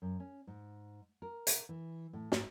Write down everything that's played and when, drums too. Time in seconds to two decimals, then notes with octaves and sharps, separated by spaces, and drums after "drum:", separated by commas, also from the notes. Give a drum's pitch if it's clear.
0.02 F#2
0.20 C#4
0.47 G#2
1.22 A#4
1.47 drum: hi-hat
1.69 E3
2.13 A2
2.32 G#2, drum: snare